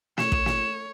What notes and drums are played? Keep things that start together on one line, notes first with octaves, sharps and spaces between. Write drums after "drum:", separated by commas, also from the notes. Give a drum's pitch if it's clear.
C#5 E7, drum: snare
drum: kick
drum: snare